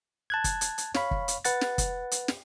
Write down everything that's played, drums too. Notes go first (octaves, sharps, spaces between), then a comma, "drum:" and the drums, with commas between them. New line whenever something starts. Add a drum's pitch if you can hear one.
A5 F#6 G#6
drum: kick, hi-hat
drum: hi-hat
drum: hi-hat
C#5 F5 B5 C#6, drum: snare
drum: kick
drum: hi-hat
B4 F#5 A6, drum: hi-hat
drum: snare
drum: kick, hi-hat
drum: hi-hat
drum: snare